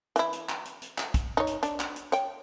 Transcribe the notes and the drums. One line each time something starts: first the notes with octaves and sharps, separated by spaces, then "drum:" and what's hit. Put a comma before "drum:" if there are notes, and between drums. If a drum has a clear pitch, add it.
E3 E4, drum: hi-hat
drum: hi-hat
drum: clap
drum: hi-hat
drum: hi-hat
drum: clap
drum: kick, hi-hat
D#4 C#5
drum: hi-hat
D4, drum: hi-hat
drum: clap
drum: hi-hat
C#5 G5, drum: hi-hat